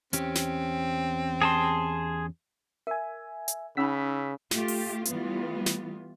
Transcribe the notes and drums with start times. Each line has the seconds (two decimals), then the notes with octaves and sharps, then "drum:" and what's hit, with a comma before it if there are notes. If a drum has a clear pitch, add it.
0.13 E2 C4 C#4 G4, drum: hi-hat
0.35 drum: snare
1.42 G#4 A5 C6
2.87 A#4 E5 G#5
3.48 drum: hi-hat
3.77 C#3 C#4 D#4 B5 E6 B6
4.51 A3 F4 G4, drum: snare
4.68 drum: open hi-hat
5.05 E3 G3 A3 B3 F4, drum: hi-hat
5.66 drum: snare